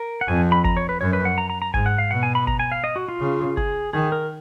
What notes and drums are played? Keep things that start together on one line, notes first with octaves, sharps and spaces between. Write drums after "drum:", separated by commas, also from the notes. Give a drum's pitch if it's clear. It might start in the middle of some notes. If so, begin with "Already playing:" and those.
Already playing: A#4
F#5
F2 G#5
B5
A#5, drum: kick G1
C#5
B4
F#2 C#5
B4
F#5
A#5
A#5
A#5
G#2 G#5, drum: kick G1
F#5
F5
B2 F#5
G#5
B5
A#5, drum: kick G1
G#5
F5
D#5
F#4
F4
C#3
G#4, drum: kick G1
D#3 G#4
A#4